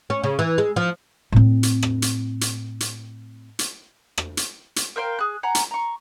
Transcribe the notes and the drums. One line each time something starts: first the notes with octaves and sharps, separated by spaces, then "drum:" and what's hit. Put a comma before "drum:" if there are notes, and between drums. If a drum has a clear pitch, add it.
C#4
C#3
E3
G#3
F3
A2 C4
drum: hi-hat
drum: rim click
drum: hi-hat
drum: hi-hat
drum: hi-hat
drum: hi-hat
drum: rim click
drum: hi-hat
drum: hi-hat
A#4 C5 F5 G5
G#4 F#6
F#5 G#5 A#5
drum: hi-hat
A#5 C#6